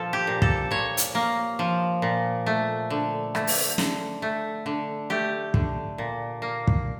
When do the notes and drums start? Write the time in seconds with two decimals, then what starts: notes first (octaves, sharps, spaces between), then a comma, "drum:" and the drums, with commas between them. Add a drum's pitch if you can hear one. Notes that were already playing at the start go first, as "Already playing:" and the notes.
Already playing: A#2 F3 A4
0.13 G4
0.27 A#2
0.42 A4, drum: kick
0.71 A#2 C#5
0.97 drum: hi-hat
1.15 A#3
1.59 F3
2.02 A#2
2.46 A3
2.90 D3
3.35 A3, drum: rim click
3.47 drum: open hi-hat
3.78 D3, drum: snare
4.22 A3
4.66 D3
5.10 A3 G4
5.54 D3, drum: kick
5.98 A#2
6.42 A#3
6.67 drum: kick